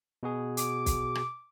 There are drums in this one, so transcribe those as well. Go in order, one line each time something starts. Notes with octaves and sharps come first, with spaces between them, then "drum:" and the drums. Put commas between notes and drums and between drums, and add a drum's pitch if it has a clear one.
B2 F#4 G#4
D6, drum: hi-hat
drum: kick B1, hi-hat
drum: rim click